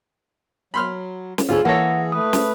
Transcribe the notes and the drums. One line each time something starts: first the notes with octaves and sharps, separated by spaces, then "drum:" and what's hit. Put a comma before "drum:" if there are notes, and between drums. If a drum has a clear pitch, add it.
F#3 B5 C6 F6
drum: snare
D2 B3 D#4 F4 G#4 A4 C#5
E3 A#3 G#4 A4 C#5 F#5 A#6
A3 B4 D#6
drum: snare